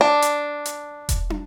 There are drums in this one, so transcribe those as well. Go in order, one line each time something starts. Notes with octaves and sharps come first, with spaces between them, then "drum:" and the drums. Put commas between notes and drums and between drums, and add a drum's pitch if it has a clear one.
D4
drum: hi-hat
drum: hi-hat
drum: kick E1, hi-hat
drum: tom